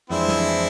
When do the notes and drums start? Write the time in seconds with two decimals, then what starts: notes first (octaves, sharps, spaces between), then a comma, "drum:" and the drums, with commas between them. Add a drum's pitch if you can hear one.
0.10 F2 E3 G#3 C4 D4 E4
0.28 drum: snare